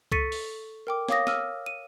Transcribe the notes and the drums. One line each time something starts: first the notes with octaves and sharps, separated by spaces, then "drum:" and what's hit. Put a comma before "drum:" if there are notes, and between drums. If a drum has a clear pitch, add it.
A4 C#6 A6 B6 C#7 D#7, drum: kick C#2
drum: open hi-hat
A#4 G5 D6
C#5 F5 D6 D#6 A#6, drum: snare
E6 F6 D#7, drum: snare
D#7